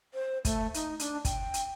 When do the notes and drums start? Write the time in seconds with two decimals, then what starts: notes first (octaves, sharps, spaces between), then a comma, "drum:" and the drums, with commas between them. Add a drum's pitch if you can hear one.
0.14 C5
0.45 A3, drum: kick, hi-hat
0.74 D#4, drum: hi-hat
0.99 D4, drum: hi-hat
1.25 G5, drum: kick, hi-hat
1.54 drum: hi-hat